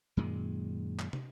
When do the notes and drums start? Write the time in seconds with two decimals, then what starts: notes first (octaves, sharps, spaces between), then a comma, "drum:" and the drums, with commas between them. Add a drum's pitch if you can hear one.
0.17 F#2 A#2 D#3 G#3
0.99 drum: clap
1.13 drum: tom